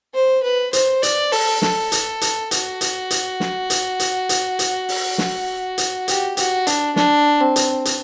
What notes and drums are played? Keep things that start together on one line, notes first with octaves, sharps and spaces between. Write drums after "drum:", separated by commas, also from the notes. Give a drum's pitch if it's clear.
C5
B4
C5, drum: hi-hat
D5, drum: hi-hat
A4, drum: open hi-hat
A4, drum: snare
drum: hi-hat
drum: hi-hat
F#4, drum: hi-hat
drum: hi-hat
drum: hi-hat
drum: snare
drum: hi-hat
drum: hi-hat
drum: hi-hat
drum: hi-hat
drum: open hi-hat
drum: snare
drum: hi-hat
G4, drum: hi-hat
F#4, drum: hi-hat
D4, drum: hi-hat
D4, drum: snare
C4
drum: hi-hat
drum: hi-hat